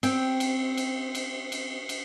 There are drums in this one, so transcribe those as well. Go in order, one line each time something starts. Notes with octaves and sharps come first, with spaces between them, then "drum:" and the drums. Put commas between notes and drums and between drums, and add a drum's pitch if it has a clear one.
C4 G5, drum: cymbal
drum: cymbal
drum: cymbal
drum: cymbal
drum: cymbal
drum: cymbal